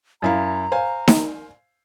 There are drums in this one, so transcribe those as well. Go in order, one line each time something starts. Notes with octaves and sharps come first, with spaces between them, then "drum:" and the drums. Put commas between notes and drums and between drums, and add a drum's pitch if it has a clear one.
F#2 E4 F5 A#5
C5 F5 G#5
drum: snare D#4